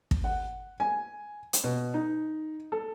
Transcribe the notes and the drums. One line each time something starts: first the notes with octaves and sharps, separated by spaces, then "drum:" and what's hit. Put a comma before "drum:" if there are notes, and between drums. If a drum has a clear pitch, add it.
drum: kick
F#5
G#5
drum: hi-hat
B2
D#4
A4